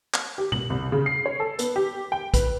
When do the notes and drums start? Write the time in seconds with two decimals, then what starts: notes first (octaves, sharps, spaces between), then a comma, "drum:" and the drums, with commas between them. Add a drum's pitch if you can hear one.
0.14 drum: clap
0.38 G4
0.52 F#7, drum: tom B2
0.70 C2
0.92 C#3
1.06 C7
1.26 C#5
1.40 A4
1.59 B3, drum: hi-hat
1.76 G4
2.12 G5
2.34 B4, drum: kick, hi-hat